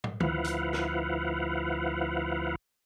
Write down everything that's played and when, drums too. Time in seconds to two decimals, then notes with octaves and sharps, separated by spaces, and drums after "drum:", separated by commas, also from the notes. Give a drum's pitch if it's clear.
0.04 drum: tom
0.20 D2 F3 E4 B4 F5 F#5, drum: tom D#3
0.44 drum: hi-hat
0.73 drum: snare